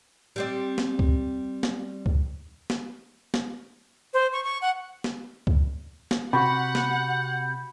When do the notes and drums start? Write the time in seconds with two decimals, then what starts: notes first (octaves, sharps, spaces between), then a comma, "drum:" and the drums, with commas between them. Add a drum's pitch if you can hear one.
0.36 G3 C4 D5
0.78 drum: snare
0.99 drum: kick C#2
1.63 drum: snare
2.06 drum: kick C#2
2.70 drum: snare
3.34 drum: snare
4.14 C5
4.33 C#6
4.44 C#6
4.62 F#5
5.04 drum: snare
5.47 drum: kick C#2
6.11 drum: snare
6.33 C3 F#4 F#5 B5 G6
6.75 drum: snare